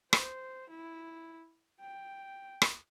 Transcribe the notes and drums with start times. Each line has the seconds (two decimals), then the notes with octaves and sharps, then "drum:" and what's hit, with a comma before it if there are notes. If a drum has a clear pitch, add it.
0.13 C5, drum: rim click
0.70 E4
1.80 G5
2.62 drum: rim click